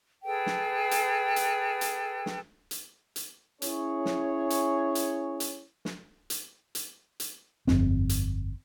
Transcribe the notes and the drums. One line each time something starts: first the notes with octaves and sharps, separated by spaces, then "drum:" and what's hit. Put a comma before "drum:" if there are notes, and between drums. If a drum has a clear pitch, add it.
G#4 A4 B4 G5
drum: snare
drum: hi-hat
drum: hi-hat
drum: hi-hat
drum: snare
drum: hi-hat
drum: hi-hat
C#4 E4 G#4 C#5, drum: hi-hat
drum: snare
drum: hi-hat
drum: hi-hat
drum: hi-hat
drum: snare
drum: hi-hat
drum: hi-hat
drum: hi-hat
G1 F2 C4, drum: snare
drum: hi-hat